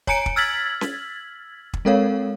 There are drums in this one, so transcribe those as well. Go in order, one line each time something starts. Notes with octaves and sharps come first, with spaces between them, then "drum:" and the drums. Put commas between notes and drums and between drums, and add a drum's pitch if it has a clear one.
C#5 G#5 A#5 C#7 D7, drum: kick
drum: kick
E6 F6 G#6 A6 B6 F#7
drum: snare C#4
drum: kick
G#3 C4 A4 A#4 C#5 F5